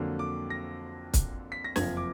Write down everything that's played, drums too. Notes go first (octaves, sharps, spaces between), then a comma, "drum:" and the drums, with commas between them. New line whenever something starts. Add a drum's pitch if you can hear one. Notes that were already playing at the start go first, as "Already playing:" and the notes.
Already playing: F2 D3 F#3 A#3
D6
A#6
drum: kick, hi-hat
B6
A#6
F#1 F2 F3 G#6, drum: snare
D6